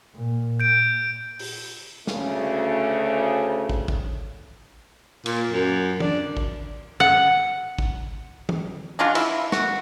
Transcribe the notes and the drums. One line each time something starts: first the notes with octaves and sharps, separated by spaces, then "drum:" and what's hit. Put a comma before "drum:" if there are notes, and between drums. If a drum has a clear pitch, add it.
A#2
G6 D7
drum: open hi-hat
D2 C#3 A3, drum: snare
drum: kick
drum: kick
A#2, drum: cymbal
F#2
D4, drum: tom
drum: kick
F#5
drum: kick
drum: tom
G#3 D4 F4 F#4
E4, drum: cymbal
F#4, drum: snare